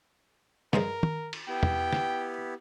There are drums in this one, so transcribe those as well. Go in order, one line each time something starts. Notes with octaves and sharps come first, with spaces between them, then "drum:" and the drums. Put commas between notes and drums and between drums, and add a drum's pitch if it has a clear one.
G2 G#3 A#4 C5, drum: snare
drum: tom
drum: cymbal
B3 E4 G4 G5
drum: tom
drum: snare